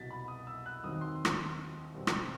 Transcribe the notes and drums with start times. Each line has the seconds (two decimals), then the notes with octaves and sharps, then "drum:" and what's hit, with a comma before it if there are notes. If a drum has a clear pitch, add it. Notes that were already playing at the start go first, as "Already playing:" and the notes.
Already playing: C2 B2 F#3 A6 B6
0.11 B5
0.28 D#6
0.47 E6
0.66 F#6
0.84 D#2 D#3 F#3 C4 D#6
1.01 C6
1.25 drum: rim click
1.94 B2 G3 C4
2.07 drum: rim click